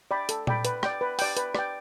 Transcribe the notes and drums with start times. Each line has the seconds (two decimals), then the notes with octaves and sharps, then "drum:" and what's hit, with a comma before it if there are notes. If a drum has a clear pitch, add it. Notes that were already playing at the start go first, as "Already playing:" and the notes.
0.11 D5 G5 B5
0.29 A4, drum: hi-hat
0.47 D5 G5 B5, drum: tom A#2
0.65 B4, drum: hi-hat
0.83 D5 G5, drum: rim click
1.01 B4
1.19 D5 G5, drum: open hi-hat
1.37 B4, drum: hi-hat
1.55 D5 G5, drum: rim click